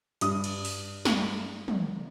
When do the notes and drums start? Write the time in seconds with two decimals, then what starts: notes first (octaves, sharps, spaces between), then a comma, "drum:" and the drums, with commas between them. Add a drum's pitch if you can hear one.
0.21 G2 D#6, drum: hi-hat
0.44 drum: cymbal
0.65 drum: open hi-hat
1.05 drum: snare
1.68 drum: tom